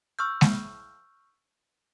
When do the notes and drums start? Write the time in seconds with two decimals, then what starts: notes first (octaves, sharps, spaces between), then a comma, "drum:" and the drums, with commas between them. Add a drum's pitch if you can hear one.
0.19 C#6 E6 F6 G6
0.41 drum: snare G#3